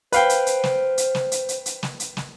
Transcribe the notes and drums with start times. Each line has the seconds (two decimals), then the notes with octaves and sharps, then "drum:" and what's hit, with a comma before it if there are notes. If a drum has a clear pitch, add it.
0.12 B4 C5 F5 G5, drum: hi-hat
0.29 drum: hi-hat
0.46 drum: hi-hat
0.64 drum: snare
0.98 drum: hi-hat
1.15 drum: snare
1.32 drum: hi-hat
1.49 drum: hi-hat
1.66 drum: hi-hat
1.83 drum: snare
2.00 drum: hi-hat
2.17 drum: snare